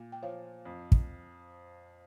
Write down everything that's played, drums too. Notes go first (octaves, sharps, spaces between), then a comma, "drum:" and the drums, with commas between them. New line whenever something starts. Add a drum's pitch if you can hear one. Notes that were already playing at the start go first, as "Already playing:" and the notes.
Already playing: A#2
G5
F3 C#5 F5
F2
drum: kick